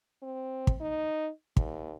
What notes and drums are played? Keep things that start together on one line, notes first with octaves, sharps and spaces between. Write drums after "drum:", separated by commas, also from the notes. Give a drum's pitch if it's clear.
C4
drum: kick
D#4
D#2, drum: kick